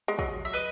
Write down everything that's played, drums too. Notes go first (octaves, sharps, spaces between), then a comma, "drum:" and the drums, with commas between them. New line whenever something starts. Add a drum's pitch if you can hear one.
G#3
F#3, drum: kick
E5
B4 D#5